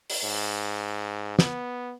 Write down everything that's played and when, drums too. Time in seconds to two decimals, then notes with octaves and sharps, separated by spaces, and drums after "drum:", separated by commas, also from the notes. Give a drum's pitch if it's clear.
0.10 drum: open hi-hat
0.24 G#2
1.39 B3, drum: snare